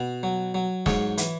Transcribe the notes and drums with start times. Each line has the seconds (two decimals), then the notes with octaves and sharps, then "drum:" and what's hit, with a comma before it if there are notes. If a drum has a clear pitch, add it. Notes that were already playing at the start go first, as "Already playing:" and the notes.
Already playing: B2
0.23 F#3
0.54 F#3
0.86 G#2 C#5, drum: snare
1.18 E3, drum: hi-hat